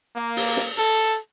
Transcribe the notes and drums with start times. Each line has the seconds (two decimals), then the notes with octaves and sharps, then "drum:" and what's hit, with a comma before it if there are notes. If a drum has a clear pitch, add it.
0.16 A#3
0.36 drum: open hi-hat
0.57 drum: snare
0.77 A4, drum: hi-hat